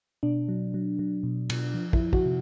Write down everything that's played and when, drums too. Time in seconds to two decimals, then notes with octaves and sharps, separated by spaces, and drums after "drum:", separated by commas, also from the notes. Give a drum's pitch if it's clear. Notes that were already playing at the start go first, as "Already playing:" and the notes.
0.23 B2 D4
0.48 F#3
0.74 F#3
0.99 F#3
1.23 B2
1.50 B2, drum: cymbal
1.74 F3
1.93 E4, drum: kick
2.00 F3
2.13 F#4, drum: kick
2.26 C3